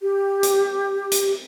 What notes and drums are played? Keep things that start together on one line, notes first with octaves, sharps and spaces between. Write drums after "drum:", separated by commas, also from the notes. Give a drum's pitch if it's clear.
G4
drum: hi-hat
drum: hi-hat